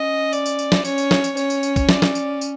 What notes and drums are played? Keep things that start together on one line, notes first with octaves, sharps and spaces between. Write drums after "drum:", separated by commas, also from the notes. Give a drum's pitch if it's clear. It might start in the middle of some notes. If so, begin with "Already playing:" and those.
Already playing: C#4 D#5
D5, drum: tambourine
drum: tambourine
drum: tambourine
drum: snare
C#4 C#5, drum: tambourine
drum: tambourine
drum: snare
drum: tambourine
C#4 C#5, drum: tambourine
drum: tambourine
drum: tambourine
drum: kick, tambourine
D5, drum: snare
drum: snare
drum: tambourine
drum: tambourine